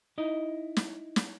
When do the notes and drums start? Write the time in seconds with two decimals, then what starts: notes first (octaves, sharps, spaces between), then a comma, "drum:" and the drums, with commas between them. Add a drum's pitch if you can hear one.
0.18 D#4 E4 D#5
0.77 drum: snare
1.16 drum: snare